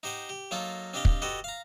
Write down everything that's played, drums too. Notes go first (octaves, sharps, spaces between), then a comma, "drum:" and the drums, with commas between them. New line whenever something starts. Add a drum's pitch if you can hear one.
D#4 G4 C5 F#5 G#5
G4
F#3 A#3 D#4 F4 A4
C4 D4 G4 D#5 F5
drum: kick
F#4 G4 A4 B4 D#5
F5 A#5